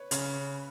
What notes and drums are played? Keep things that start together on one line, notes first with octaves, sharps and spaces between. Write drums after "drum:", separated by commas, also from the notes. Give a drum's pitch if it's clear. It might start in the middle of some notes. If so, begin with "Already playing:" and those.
Already playing: B4 C#5
C#3 C#4, drum: hi-hat